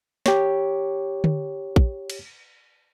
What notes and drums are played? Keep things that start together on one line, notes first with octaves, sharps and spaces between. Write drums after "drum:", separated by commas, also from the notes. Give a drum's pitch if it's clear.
G4 C#5, drum: snare
drum: tom D3
drum: kick
drum: cymbal